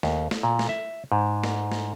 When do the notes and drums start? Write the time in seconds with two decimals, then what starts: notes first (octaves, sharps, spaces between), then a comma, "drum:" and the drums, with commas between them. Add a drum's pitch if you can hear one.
0.03 D#2, drum: snare
0.31 drum: snare
0.43 A#2
0.59 drum: snare
0.69 E5
1.12 G#2
1.44 drum: snare
1.72 drum: snare